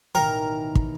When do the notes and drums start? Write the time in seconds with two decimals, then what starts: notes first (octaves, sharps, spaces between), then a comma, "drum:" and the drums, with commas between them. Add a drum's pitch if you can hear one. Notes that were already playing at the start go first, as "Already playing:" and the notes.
0.15 A1 B2 D#3 A#4 G5
0.75 drum: kick